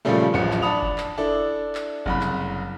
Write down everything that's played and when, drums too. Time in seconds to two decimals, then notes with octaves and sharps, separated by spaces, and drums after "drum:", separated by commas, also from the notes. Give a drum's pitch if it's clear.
0.05 A#2 C#3 F3 G3 A3
0.33 D1 A1 F3 C#7
0.52 drum: clap
0.62 D4 A5 B5 D#6 F7
0.82 drum: kick F#1
0.98 drum: clap
1.18 D4 E4 A4
1.75 drum: clap
2.06 F#1 C2 B5, drum: kick F#1
2.21 drum: clap